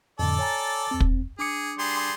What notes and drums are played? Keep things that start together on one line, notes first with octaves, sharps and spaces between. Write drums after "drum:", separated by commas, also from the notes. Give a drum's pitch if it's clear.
F2 A2 D3 A4 D5
C#5 G#5 A#5
E2 C4
drum: kick
D4 G#4 D6 C#7
G3 G#4 C6